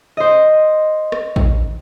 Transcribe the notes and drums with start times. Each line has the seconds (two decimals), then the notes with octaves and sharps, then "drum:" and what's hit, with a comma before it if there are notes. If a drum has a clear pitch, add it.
0.17 C5 D#5
1.12 drum: rim click
1.36 drum: kick